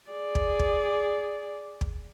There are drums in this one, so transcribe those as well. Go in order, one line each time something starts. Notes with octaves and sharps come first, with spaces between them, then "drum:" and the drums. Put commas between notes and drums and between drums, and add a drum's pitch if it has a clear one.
G#4 D5
drum: kick
drum: kick
drum: kick